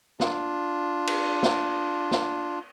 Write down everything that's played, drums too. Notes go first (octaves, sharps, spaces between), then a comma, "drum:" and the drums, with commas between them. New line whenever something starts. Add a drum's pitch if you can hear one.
D4 F4, drum: snare
drum: cymbal
drum: snare
drum: snare